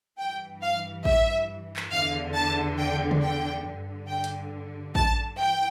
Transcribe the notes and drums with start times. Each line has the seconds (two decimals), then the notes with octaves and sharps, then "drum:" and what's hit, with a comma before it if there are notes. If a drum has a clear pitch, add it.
0.18 G2 E3 G5
0.62 F5
1.05 E5, drum: kick A1
1.76 drum: clap
1.91 E2 D3 F5
2.34 A5
2.78 G5
3.11 drum: tom C#3
3.21 G5
3.65 D3
3.70 G2
4.08 G5
4.24 drum: hi-hat
4.95 A5, drum: kick A1
5.38 E3 G5